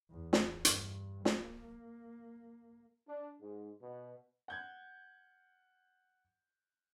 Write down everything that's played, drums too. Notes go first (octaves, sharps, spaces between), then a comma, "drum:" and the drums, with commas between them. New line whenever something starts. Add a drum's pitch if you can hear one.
E2
drum: snare
G2, drum: hi-hat
A#3, drum: snare
D4
G#2
B2
F#5 G6 G#6